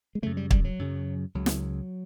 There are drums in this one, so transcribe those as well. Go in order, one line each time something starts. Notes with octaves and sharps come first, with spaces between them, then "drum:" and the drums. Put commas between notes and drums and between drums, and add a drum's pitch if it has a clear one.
G#3
F#2 C#3 A3
G3
G3, drum: kick
F#3
F#2 C#3
C#2 C#3 F#3
drum: snare